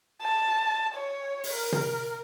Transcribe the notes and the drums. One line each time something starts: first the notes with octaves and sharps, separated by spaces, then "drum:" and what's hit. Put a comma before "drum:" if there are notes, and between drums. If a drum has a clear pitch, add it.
A5
C#5
drum: open hi-hat
A#4
drum: tom